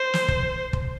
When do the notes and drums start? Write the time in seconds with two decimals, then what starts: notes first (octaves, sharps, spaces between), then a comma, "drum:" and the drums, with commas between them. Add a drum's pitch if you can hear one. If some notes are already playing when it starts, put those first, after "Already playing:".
Already playing: C5
0.14 drum: snare
0.28 drum: kick
0.73 drum: kick